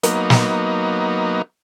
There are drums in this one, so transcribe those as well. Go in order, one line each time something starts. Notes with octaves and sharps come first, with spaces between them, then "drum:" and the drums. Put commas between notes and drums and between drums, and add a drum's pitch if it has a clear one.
F#3 A#3 B3 D#4, drum: hi-hat
drum: snare